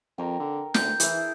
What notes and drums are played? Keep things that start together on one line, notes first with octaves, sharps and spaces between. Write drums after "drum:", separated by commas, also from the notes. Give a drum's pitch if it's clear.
F2 A#4 G5
D3
D2 G6, drum: snare
E3 E4 G#4, drum: hi-hat